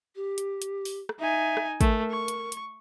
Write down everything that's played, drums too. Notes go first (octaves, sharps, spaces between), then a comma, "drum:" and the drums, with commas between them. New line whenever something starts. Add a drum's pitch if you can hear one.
G4
drum: hi-hat
drum: hi-hat
drum: open hi-hat
drum: rim click
D#4 E5 G#5
drum: rim click
A3 A#4, drum: kick, hi-hat
C#6
drum: hi-hat
drum: hi-hat